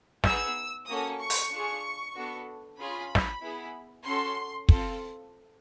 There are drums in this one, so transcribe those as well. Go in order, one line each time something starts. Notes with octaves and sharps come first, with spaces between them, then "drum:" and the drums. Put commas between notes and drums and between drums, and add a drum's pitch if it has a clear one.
B3 D#4 G#4 E6, drum: snare
A#3 C#4 F#4 A4 D#6
C#6
drum: open hi-hat
D4 F4 G#4
B3 D4 F#4 A4
C#4 F4 G#4 B5
drum: snare
B3 E4 G#4
C#4 F#4 A4 C6
C4 F4 A4, drum: kick